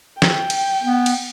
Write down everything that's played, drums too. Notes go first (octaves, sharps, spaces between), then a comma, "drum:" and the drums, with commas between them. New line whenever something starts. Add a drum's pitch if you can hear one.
G5, drum: snare
drum: cymbal
B3
drum: cymbal